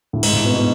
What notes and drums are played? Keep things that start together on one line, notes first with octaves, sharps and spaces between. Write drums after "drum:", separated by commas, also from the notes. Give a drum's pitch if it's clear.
A2
G#2, drum: cymbal
A2
B2
B2